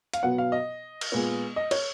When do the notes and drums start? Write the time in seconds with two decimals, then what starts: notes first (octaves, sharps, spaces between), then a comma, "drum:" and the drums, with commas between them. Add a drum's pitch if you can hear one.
0.13 F5, drum: hi-hat
0.23 B2 F#3 B3 F#5
0.38 F5
0.52 D#5
1.01 drum: cymbal
1.12 A#2 G#3 B3
1.56 D#5
1.71 C#5, drum: cymbal